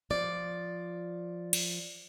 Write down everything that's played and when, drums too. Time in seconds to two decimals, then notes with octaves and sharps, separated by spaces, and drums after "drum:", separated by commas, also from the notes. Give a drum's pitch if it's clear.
0.10 F3 D5
1.53 drum: cymbal